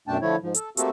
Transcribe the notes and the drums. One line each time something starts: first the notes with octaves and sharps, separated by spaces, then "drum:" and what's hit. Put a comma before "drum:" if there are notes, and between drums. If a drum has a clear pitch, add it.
F#2 B2 A3 D4 G5 A5
D3 F3 A3 E4 C#5
G#2 F3
A4, drum: hi-hat
A3 A#3 C4 F#4 G4 A4, drum: hi-hat